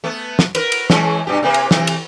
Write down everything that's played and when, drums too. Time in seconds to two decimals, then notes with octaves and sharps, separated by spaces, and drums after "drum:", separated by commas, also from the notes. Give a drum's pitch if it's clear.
0.04 A3 B3
0.39 drum: snare
0.55 A#4 B4, drum: cymbal
0.72 drum: cymbal
0.90 E3 G#3 C#4, drum: snare
1.27 G2 B2 G4
1.43 C3 A#3 B4
1.54 drum: cymbal
1.71 C3 E3, drum: snare
1.87 drum: cymbal